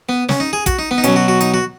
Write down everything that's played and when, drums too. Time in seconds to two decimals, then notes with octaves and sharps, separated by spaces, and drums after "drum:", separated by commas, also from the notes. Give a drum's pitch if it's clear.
0.09 B3
0.29 C#4, drum: snare
0.40 D#4
0.53 G#4
0.66 F#4, drum: kick, hi-hat
0.79 D#4
0.91 B3
0.98 D#4
1.04 B2 F#3 C#4, drum: hi-hat
1.16 F#4
1.28 F#4
1.41 D#4, drum: hi-hat
1.54 F#4